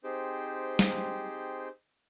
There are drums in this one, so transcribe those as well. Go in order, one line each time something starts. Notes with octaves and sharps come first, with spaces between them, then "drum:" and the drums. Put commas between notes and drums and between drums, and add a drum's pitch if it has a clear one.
C4 D#4 G4 G#4 C5 G5
drum: snare